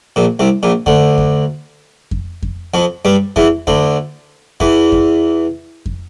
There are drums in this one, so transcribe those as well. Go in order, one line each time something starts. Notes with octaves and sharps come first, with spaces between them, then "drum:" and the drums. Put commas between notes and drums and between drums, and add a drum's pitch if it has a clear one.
A#1 A#2
C2 C3
A#1 A#2
D2 D3, drum: kick F2
drum: kick F2
drum: kick F2
drum: kick F2
F2 F3
G2 G3
E2 E3, drum: kick F2
D2 D3, drum: kick F2
E2 E3, drum: kick F2
drum: kick F2
drum: kick F2